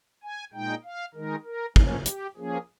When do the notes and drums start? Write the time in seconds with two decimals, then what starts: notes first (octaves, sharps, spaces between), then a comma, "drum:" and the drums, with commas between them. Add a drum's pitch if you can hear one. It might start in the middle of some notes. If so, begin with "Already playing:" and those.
0.23 G#5
0.53 A#2 G#3 D#4 G5
0.84 F5
1.14 D#3 G#3 D#4 A#4
1.45 A#4
1.76 A#2 F3 A#3 C#4, drum: kick
2.06 G4, drum: hi-hat
2.36 F3 A#3 C#4 G#4